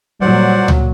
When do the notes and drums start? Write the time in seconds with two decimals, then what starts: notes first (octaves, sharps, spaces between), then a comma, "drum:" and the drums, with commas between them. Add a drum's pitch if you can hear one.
0.21 A#2 F#3 G3 C5 D5 F#5
0.68 drum: tom C#2